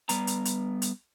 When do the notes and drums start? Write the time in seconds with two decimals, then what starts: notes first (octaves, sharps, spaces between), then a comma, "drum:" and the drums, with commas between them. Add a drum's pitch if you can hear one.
0.09 G3 B3 A#5, drum: hi-hat
0.27 drum: hi-hat
0.45 drum: hi-hat
0.82 drum: hi-hat